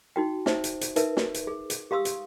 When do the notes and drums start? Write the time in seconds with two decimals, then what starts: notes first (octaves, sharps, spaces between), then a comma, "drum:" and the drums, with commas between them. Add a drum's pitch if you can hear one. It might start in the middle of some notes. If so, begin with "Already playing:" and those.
0.16 D#4 F#4 G5
0.46 D#4 C5 E5, drum: snare
0.64 drum: hi-hat
0.81 drum: hi-hat
0.96 D#4 A#4 B4 E5, drum: hi-hat
1.17 drum: snare
1.34 drum: hi-hat
1.47 G#4
1.70 drum: hi-hat
1.91 G4 F5 C6 D#6 E6
2.05 drum: hi-hat